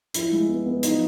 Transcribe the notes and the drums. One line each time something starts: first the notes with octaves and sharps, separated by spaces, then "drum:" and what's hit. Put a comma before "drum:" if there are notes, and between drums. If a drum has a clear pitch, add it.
F3 E4, drum: hi-hat
G#3
B3
B3
F3 D#4, drum: hi-hat